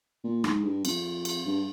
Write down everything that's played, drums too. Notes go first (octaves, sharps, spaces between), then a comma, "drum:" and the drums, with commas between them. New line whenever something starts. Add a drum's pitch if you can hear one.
A#2
G#2, drum: rim click
G2
F2, drum: cymbal
drum: cymbal
G2